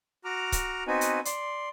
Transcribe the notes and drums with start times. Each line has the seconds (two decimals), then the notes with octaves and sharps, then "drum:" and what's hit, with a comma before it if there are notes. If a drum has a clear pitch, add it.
0.25 F#4 A#5 D6 F6
0.52 drum: kick C#1, hi-hat
0.87 B3 C4 D#4 F#4 B4 G#5
1.01 drum: hi-hat
1.25 D5 C6, drum: hi-hat